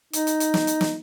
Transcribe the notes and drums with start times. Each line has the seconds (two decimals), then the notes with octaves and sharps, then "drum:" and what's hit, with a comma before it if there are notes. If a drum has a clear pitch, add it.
0.13 D#4, drum: hi-hat
0.27 drum: hi-hat
0.40 drum: hi-hat
0.54 drum: snare
0.67 drum: hi-hat
0.81 drum: snare